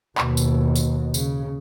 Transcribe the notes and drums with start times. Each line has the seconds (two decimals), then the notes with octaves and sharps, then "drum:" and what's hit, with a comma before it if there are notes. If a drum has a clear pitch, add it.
0.18 D#2 B2, drum: clap
0.37 drum: tambourine
0.76 drum: tambourine
1.14 C#3, drum: tambourine